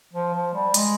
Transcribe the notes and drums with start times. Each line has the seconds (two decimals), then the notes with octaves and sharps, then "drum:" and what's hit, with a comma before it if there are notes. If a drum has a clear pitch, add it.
0.13 F3
0.34 F3
0.54 G3
0.74 G#3, drum: hi-hat